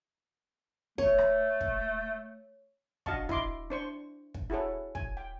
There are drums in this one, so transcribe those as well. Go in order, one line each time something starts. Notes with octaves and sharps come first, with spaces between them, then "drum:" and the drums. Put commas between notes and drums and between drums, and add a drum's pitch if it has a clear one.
A3 C#5, drum: kick
drum: rim click
drum: kick
D4 F#4 D#5 F5 A5 C#6, drum: kick
E4 D#5 C6 D6, drum: kick
D4 C5 C#6
drum: kick
E4 F#4 G#4 A4 C#5
G#5, drum: kick
G5